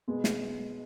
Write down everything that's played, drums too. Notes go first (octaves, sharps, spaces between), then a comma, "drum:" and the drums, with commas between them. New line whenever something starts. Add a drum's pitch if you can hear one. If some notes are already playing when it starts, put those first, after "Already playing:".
B2 G#3 B3
drum: snare